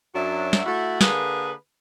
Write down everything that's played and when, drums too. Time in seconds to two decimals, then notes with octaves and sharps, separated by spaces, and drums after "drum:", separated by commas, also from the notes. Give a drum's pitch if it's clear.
0.14 F#2 F#3 D4 F#4 E5
0.53 drum: snare
0.66 A3 E4 F#4
1.01 D3 A#3 G#4 B4, drum: snare